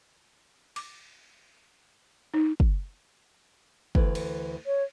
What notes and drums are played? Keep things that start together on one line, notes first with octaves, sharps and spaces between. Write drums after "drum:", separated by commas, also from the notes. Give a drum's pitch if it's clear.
D6, drum: cymbal
D#4
drum: kick
D2 E3, drum: kick
drum: cymbal
C#5